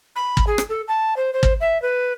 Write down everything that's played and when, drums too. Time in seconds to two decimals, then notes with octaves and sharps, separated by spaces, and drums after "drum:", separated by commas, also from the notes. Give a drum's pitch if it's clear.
0.16 B5
0.37 drum: kick
0.47 G#4
0.58 drum: rim click
0.69 A4
0.88 A5
1.17 C5
1.33 C5
1.43 drum: kick
1.60 E5
1.82 B4